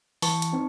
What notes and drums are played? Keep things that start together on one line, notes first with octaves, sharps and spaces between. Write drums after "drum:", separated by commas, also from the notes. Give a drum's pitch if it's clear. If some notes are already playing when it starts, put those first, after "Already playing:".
E3 A5 C#6, drum: open hi-hat
drum: hi-hat
C4 D#4